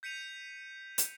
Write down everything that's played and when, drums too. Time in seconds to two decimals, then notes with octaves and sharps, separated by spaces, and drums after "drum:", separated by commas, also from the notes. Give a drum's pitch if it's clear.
0.03 G6 B6 C#7 D#7 F7
0.98 drum: hi-hat